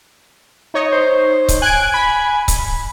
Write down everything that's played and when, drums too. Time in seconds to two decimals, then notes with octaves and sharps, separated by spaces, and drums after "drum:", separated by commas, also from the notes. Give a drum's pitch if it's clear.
0.74 D#4 C#5 D#5
0.93 C5
1.49 drum: kick C#1, hi-hat
1.62 G#5 F#6 G#6 D7
1.94 B5
2.48 drum: kick C#1, hi-hat